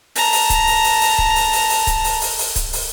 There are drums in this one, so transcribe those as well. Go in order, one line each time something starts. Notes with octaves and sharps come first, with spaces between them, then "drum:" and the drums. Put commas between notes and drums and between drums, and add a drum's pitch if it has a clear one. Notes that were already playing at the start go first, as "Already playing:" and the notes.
A5 A#5, drum: open hi-hat
drum: open hi-hat
drum: kick C#1, hi-hat
drum: open hi-hat
drum: open hi-hat
drum: open hi-hat
drum: kick C#1
drum: open hi-hat
drum: open hi-hat
drum: open hi-hat
drum: kick C#1, hi-hat
drum: open hi-hat
drum: open hi-hat
drum: open hi-hat
drum: kick C#1, hi-hat
drum: open hi-hat